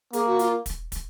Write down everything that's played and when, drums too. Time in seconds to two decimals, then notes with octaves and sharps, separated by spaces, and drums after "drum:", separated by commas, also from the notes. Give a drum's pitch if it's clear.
0.13 A#3 G#4, drum: hi-hat
0.27 F#4
0.39 F4, drum: hi-hat
0.66 drum: kick, hi-hat
0.92 drum: kick, hi-hat